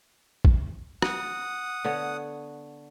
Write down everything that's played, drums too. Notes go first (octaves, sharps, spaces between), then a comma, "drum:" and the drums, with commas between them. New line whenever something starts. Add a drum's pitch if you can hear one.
drum: kick
F#5 D#6, drum: rim click
D3 B3 C#5